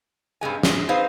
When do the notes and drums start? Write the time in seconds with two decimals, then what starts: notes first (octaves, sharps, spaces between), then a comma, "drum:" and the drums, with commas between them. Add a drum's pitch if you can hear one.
0.41 G2 C3 G#3 G#5
0.63 G#4, drum: snare
0.89 C4 D#4 G#4 B4 C5 F5